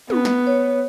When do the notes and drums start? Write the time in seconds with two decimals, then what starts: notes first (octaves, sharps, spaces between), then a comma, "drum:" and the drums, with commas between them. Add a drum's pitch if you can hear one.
0.10 B3, drum: tom
0.25 drum: snare
0.47 C#5